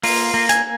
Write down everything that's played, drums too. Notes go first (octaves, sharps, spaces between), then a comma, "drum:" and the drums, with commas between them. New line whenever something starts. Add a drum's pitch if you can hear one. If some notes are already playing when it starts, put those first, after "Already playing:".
A#3 F4, drum: open hi-hat
A#3
G#5, drum: hi-hat